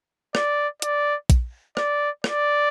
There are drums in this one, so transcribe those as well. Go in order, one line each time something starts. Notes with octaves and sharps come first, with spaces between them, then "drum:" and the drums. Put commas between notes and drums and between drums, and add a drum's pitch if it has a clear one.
D5, drum: rim click
D5, drum: hi-hat
drum: kick A#1, hi-hat
D5, drum: rim click
D5, drum: rim click